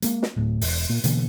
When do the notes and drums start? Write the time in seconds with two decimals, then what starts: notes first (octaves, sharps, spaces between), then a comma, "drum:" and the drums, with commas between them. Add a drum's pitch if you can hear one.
0.02 G#3 A#3, drum: hi-hat
0.23 drum: snare
0.36 D1 A2
0.61 E1, drum: open hi-hat
0.89 A#2 A#3
1.04 B2 D3 E3 A#3, drum: hi-hat